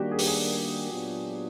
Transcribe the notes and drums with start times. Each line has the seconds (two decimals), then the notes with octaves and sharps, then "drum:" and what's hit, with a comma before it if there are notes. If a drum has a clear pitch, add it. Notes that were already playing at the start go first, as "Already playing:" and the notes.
Already playing: D#3 G3 A#3 D4 F#4 G4
0.11 G#4
0.19 G4, drum: open hi-hat
0.27 G#4
0.91 A#2 F#3 B3 D4 F4